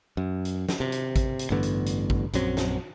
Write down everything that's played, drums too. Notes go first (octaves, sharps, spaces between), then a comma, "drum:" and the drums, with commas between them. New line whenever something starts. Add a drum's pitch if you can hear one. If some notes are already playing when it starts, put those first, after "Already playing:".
F#2
drum: hi-hat
drum: snare
C3
drum: hi-hat
drum: kick A1, hi-hat
drum: hi-hat
A1 G2 D3 B3
drum: hi-hat
drum: hi-hat
drum: kick A1
A#1 F#2 F#3 C4, drum: hi-hat
drum: snare